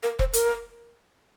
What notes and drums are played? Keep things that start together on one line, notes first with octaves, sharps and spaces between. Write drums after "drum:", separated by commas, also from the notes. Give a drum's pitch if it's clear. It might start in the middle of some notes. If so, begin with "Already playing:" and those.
A#4
C5, drum: kick E1
A#4, drum: hi-hat